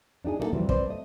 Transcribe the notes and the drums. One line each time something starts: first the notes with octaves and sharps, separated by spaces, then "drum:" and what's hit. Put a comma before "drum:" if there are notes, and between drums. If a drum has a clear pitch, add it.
D4 D#4 G4 G#4
A#3 D#4 E4 F#4 A4
F2 C3 E3 G3
C4 B4 C5 D5, drum: kick
A3 D#5